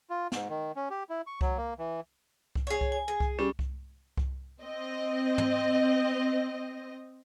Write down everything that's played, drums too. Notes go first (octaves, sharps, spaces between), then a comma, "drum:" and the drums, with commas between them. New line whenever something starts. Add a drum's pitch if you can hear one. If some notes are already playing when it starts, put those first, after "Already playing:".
F4
G#2, drum: snare
D#3
C#4
G4
E4
C#6
F#3, drum: kick C2
A#3
E3
drum: kick C2
G#4 C#5
drum: kick C2
G#5
G#4
drum: kick C2
G3 C#4
drum: kick C2
drum: kick C2
C4 D#5
drum: tom